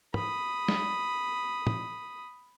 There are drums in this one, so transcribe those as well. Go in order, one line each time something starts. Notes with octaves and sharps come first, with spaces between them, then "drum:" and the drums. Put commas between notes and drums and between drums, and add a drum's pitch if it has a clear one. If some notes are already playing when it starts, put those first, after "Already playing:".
B5 D#6, drum: tom
drum: snare
drum: tom